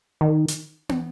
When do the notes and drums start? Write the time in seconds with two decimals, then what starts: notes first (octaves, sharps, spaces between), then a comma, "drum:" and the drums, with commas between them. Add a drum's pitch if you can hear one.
0.21 D#3
0.48 drum: hi-hat
0.89 drum: tom